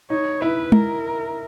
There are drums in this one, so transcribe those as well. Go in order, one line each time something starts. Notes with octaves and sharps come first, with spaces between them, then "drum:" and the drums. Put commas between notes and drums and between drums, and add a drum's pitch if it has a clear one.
D#4 C#5
E4 B4
A#4, drum: tom G#3